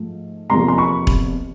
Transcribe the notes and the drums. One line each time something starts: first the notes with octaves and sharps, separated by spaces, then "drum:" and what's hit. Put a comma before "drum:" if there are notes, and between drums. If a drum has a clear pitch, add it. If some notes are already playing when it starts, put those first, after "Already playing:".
Already playing: G#2 F3 A3
F1 E2 C3 F3 A#3 A#5 C6
C6
B5 C#6
drum: kick E1